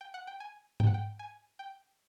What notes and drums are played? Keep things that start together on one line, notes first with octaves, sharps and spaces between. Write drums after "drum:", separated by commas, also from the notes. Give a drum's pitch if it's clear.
G5
F#5
G5
G#5
G5, drum: tom G#2
F#5
G5
G#5
G5